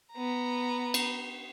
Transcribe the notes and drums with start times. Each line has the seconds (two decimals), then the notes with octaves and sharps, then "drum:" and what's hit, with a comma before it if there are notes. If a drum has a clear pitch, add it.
0.13 B3 A#5
0.94 drum: cymbal